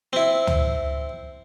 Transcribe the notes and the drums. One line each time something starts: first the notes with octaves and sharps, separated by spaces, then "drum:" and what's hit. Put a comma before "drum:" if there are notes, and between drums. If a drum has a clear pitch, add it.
C4 E4
drum: tom